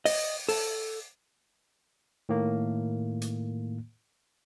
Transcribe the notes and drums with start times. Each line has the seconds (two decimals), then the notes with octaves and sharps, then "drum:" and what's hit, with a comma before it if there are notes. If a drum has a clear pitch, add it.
0.05 D#5, drum: open hi-hat
0.49 A4, drum: open hi-hat
2.29 A2 D#3 A#3
3.22 drum: hi-hat